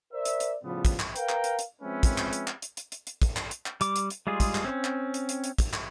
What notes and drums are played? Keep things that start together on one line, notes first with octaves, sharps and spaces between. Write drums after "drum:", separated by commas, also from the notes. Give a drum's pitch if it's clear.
A#4 C5 D5 E5
drum: hi-hat
drum: hi-hat
A2 C#3 F3 G3 B3
drum: kick, hi-hat
drum: clap
A#4 B4 F5 G5 A#5, drum: hi-hat
drum: clap
drum: hi-hat
drum: hi-hat
F3 G#3 C4 C#4 B4 E5
drum: kick, hi-hat
drum: clap
drum: hi-hat
drum: clap
drum: hi-hat
drum: hi-hat
drum: hi-hat
drum: hi-hat
drum: kick, hi-hat
drum: clap
drum: hi-hat
drum: clap
G3 D6, drum: hi-hat
drum: hi-hat
drum: hi-hat
G3 G#3 F4 G#4
drum: kick, hi-hat
drum: clap
C4 C#4
drum: clap
drum: hi-hat
drum: hi-hat
drum: hi-hat
drum: kick, hi-hat
drum: clap